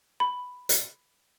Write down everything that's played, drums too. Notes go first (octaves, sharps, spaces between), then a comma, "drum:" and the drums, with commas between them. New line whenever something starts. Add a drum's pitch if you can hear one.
B5
drum: hi-hat